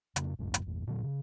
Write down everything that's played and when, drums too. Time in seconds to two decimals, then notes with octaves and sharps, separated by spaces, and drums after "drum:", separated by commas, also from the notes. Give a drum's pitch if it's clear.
0.16 F2 C#3 A#3, drum: hi-hat
0.39 G#1 C#2 F#2 A#2
0.54 drum: hi-hat
0.66 G1 E2
0.87 A#2 D3 E3 F#3
1.03 C#3